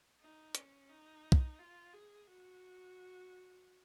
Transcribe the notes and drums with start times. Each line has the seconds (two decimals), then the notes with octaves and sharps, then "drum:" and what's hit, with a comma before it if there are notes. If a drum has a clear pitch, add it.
0.20 D#4
0.55 C#4, drum: hi-hat
0.89 D#4
1.32 drum: kick
1.59 F4
1.93 G#4
2.27 F#4